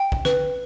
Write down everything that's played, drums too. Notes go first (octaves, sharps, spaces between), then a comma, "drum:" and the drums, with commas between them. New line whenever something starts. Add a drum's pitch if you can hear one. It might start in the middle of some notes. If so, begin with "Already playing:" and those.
Already playing: G5
drum: kick
B4, drum: snare